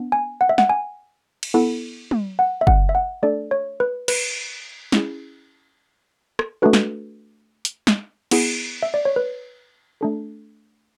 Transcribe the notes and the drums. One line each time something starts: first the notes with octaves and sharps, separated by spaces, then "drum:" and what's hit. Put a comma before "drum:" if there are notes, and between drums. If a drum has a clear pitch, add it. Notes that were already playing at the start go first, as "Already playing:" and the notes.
Already playing: B3 D4
G#5
F#5
E5
F#5, drum: snare
G#5
drum: cymbal
B3 E4 A4
drum: tom
F#5
E5
F#5, drum: kick F#1
E5
F#5
A3 D4 A4 D5
C#5
B4
B4, drum: cymbal
C#4 E4 G#4, drum: snare
drum: rim click
A3 D4 F#4 A4 B4
drum: snare
drum: hi-hat
drum: snare
B3 E4 G#4, drum: cymbal
E5
D5
C#5
B4
A3 D4 A4